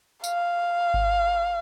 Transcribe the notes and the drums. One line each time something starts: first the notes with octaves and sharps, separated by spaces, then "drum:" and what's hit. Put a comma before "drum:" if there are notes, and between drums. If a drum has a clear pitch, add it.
F5, drum: tambourine
drum: kick G#1